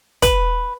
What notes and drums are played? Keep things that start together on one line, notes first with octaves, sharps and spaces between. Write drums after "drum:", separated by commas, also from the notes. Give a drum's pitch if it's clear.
B4, drum: kick, hi-hat